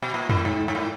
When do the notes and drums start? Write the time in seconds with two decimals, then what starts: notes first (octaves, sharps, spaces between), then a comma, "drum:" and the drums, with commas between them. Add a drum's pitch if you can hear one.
0.02 B2
0.14 A#2
0.29 A2, drum: tom
0.45 G#2
0.68 G#2
0.75 A2